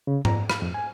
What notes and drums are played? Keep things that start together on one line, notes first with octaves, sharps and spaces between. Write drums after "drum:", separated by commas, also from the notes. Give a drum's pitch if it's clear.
C#3
A#5, drum: tom G#2
B5, drum: rim click
F2
G#5